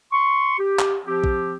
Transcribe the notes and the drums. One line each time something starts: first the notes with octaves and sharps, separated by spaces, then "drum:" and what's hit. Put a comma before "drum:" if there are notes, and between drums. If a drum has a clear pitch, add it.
C6 C#6
G4
drum: clap
F3 C4 G4
drum: kick A#1